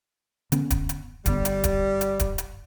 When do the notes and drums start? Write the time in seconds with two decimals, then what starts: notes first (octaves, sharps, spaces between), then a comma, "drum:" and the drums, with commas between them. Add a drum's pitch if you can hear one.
0.52 D3 B3 C#4, drum: hi-hat
0.70 drum: kick D1, hi-hat
0.89 drum: hi-hat
1.26 G1 D3 G3 B3, drum: kick D1, hi-hat
1.45 drum: hi-hat
1.64 drum: kick D1, hi-hat
2.01 drum: hi-hat
2.20 drum: kick D1, hi-hat
2.38 drum: hi-hat